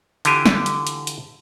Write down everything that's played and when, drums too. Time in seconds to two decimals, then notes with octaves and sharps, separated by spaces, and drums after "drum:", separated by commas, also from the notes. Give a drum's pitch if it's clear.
0.25 D3 E3 F4 G4 G#5, drum: hi-hat
0.46 drum: snare
0.66 drum: hi-hat
0.87 drum: hi-hat
1.07 drum: hi-hat